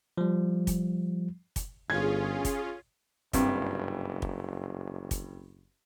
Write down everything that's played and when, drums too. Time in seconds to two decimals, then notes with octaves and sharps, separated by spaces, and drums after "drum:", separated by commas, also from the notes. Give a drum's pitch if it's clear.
0.18 F3 G3
0.67 drum: kick, hi-hat
1.56 drum: kick, hi-hat
1.90 G1 C#4 F4 G#4 G#6
2.45 drum: kick, hi-hat
3.33 F#1 C2 G2 C3, drum: kick, hi-hat
4.22 drum: kick
5.11 drum: kick, hi-hat